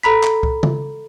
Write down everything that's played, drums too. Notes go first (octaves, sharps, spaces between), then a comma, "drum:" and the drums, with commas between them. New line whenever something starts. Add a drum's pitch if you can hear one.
A4 A#5 B5 B6
drum: clap
drum: kick C#2
drum: tom C#3